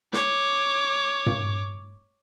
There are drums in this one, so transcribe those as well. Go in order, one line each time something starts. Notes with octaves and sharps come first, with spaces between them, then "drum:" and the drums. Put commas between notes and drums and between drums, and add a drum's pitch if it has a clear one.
C#5 D6, drum: snare
drum: tom